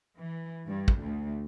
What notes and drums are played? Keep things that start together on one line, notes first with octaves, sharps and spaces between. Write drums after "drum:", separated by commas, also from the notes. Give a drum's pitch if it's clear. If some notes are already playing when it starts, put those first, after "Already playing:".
E3
G2
drum: kick
D2